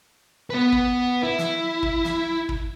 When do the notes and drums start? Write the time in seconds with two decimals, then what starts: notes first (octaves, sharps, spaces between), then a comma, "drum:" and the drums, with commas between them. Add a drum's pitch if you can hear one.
0.50 B3 B4
0.72 drum: kick
1.23 E4
1.39 drum: snare
1.83 drum: kick
2.05 drum: snare
2.49 drum: kick